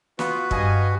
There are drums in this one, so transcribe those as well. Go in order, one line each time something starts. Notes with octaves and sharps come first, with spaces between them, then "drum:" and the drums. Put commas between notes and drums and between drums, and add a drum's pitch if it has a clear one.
B3 F4 F#4 B4, drum: snare
G2 D#5 F5 G#5, drum: kick